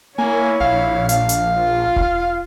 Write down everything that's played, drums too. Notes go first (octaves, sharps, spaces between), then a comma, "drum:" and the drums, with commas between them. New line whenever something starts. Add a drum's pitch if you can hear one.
A#3 E4 C#5 G#5
A#1 F5
D4 F5, drum: hi-hat
drum: hi-hat
F4
drum: kick E1